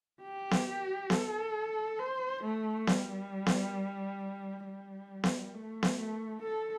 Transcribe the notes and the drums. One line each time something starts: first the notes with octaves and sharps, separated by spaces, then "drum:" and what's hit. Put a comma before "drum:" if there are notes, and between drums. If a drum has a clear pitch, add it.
G4
drum: snare B3
A4, drum: snare B3
C5
A3
G3, drum: snare B3
drum: snare B3
G3
drum: snare B3
A3
drum: snare B3
A3
A4